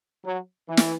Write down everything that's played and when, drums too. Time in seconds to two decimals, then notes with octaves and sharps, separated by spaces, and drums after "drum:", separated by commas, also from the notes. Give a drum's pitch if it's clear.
0.24 F#3
0.68 E3
0.77 drum: snare